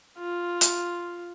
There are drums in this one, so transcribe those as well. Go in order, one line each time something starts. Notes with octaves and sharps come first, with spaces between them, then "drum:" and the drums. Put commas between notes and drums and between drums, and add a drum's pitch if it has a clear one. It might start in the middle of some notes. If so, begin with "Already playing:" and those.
F4
drum: hi-hat